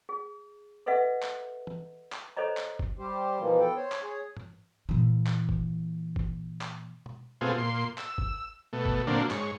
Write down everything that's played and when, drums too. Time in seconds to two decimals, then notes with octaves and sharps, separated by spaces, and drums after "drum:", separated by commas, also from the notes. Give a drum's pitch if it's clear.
0.09 G#4
0.86 A4 B4 D#5 E5 F#5
1.22 drum: clap
1.67 drum: tom E3
2.12 drum: clap
2.37 A4 C5 C#5 D#5 A#5
2.57 drum: clap
2.79 drum: kick G1
2.99 G3 G4 C5
3.39 B2 E3 F3 A#3
3.59 B3 A4 G5
3.76 C5 C#5
3.92 drum: clap
4.02 G#4 C#5
4.37 drum: tom G#2
4.89 A#2 E3
5.26 drum: clap
5.49 drum: kick G1
6.16 drum: kick G1
6.61 drum: clap
7.06 drum: tom B2
7.41 B2 A3 C4 F4 G#4
7.58 A#2 C6
7.98 E6, drum: clap
8.18 drum: kick G1
8.73 B2 A3
8.86 drum: kick G1
9.07 A#2 D3 F#3 A#3 C4 D4
9.30 G#2 C#5, drum: clap